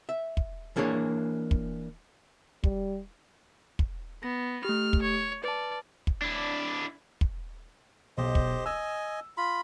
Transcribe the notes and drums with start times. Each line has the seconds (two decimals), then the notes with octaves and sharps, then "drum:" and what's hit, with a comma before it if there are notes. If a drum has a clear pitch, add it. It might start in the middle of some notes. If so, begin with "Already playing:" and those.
0.09 E5
0.37 drum: kick
0.76 E3 A#3 D4 G#4 C#5
1.51 drum: kick
2.64 G3, drum: kick
3.79 drum: kick
4.23 B3 A#6
4.65 A3 G4 F6
4.93 drum: kick
5.02 C#5
5.44 B4 D5 A5
6.07 drum: kick
6.22 D4 E4
7.21 drum: kick
8.17 B1 G4 C5 D#5
8.35 drum: kick
8.66 D#5 G#5 E6
9.37 F4 B5